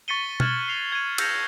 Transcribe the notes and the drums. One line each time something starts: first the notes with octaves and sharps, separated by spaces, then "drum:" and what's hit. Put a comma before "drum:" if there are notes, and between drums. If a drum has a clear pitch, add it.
C#6 A6 B6 C#7 D#7 G7
F6 F#6 G#6 E7 F#7, drum: tom B2
C7 F7
G#6 D#7
E6 G6 A#6 C#7 F7, drum: cymbal